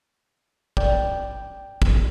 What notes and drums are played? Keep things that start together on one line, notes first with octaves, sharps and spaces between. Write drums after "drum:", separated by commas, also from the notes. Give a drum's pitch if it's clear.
D5 G5, drum: kick
drum: kick